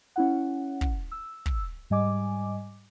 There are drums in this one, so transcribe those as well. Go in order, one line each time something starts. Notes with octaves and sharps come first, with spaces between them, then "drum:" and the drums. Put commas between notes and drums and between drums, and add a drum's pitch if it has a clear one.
C#4 E4 F#5
drum: kick
E6
drum: kick
G#2 G3 D#5 G#5 D6